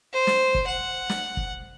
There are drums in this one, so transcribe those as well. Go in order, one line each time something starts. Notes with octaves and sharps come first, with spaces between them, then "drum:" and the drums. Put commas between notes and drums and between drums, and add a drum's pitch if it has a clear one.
C5
drum: snare
drum: kick
F#5
drum: snare
drum: kick